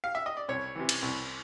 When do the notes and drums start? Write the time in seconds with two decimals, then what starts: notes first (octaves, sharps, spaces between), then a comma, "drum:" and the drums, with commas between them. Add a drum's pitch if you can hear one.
0.04 F5
0.15 E5
0.26 D#5
0.37 D5
0.48 C2 C#5
0.75 C3 E3
0.89 drum: cymbal
1.02 C2